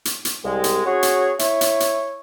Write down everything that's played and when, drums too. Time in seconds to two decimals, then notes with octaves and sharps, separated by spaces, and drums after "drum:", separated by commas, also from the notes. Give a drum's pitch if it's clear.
0.05 drum: hi-hat
0.25 drum: hi-hat
0.44 C2 G#3
0.64 drum: hi-hat
0.85 C#4 F#4 G#4 C#5
1.03 drum: hi-hat
1.39 E4 C#5, drum: hi-hat
1.61 drum: hi-hat
1.80 drum: hi-hat